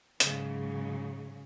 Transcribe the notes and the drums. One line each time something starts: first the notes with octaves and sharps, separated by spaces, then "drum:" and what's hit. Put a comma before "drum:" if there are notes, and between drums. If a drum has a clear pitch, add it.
G#2 C#3 F#3, drum: hi-hat